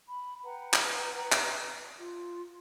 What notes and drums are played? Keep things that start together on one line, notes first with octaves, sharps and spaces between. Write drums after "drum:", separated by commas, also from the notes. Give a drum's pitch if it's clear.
B5
B4 F#5 G5 A#5
drum: clap
drum: clap
F4